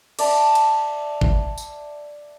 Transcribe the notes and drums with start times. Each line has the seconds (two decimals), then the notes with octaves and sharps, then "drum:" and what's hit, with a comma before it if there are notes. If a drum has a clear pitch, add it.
0.19 D5 E5 A5, drum: cymbal
0.55 drum: cymbal
1.21 drum: kick
1.58 drum: tambourine